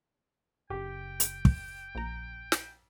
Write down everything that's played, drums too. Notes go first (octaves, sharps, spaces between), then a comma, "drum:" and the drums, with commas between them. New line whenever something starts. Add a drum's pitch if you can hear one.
F#1 C#3 G4 G5
drum: hi-hat
drum: kick
A#1 A#5
drum: snare